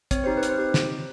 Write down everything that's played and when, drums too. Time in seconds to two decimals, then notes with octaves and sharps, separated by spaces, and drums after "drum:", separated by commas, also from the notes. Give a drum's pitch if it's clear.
0.11 C4 C#5, drum: kick, hi-hat
0.24 D#4 G4 C5
0.37 B4
0.43 C4, drum: hi-hat
0.49 C5
0.58 D#4 G4
0.74 drum: snare